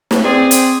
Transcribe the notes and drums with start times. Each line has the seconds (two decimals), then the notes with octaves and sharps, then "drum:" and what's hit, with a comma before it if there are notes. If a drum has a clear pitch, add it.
0.11 drum: snare
0.25 C4 G#4 D5
0.51 drum: hi-hat